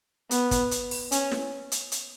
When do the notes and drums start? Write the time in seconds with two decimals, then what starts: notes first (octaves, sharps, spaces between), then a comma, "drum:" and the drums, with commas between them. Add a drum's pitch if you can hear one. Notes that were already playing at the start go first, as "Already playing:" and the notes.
0.31 B3, drum: hi-hat
0.51 drum: kick, hi-hat
0.71 drum: hi-hat
0.91 drum: open hi-hat
1.12 C#4, drum: hi-hat
1.31 drum: snare
1.72 drum: hi-hat
1.92 drum: hi-hat